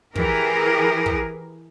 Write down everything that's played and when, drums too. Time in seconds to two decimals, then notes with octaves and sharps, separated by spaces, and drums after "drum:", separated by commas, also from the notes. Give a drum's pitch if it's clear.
0.15 E3 G4 G#4 A#4, drum: kick
1.06 drum: kick